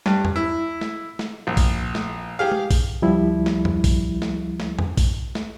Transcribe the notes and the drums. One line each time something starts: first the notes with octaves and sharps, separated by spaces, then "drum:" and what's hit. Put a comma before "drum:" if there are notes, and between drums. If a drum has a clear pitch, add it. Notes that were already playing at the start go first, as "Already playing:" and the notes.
G2, drum: snare
drum: tom E2
E4
drum: snare
drum: snare
A#1
drum: kick A#1, open hi-hat
drum: snare
G4 G#4 F5
drum: tom G#3
drum: kick A#1, open hi-hat
C#2 F3 G3 E4
drum: snare
drum: tom E2
drum: kick A#1, open hi-hat
drum: snare
drum: snare
drum: tom E2
drum: kick A#1, open hi-hat
drum: snare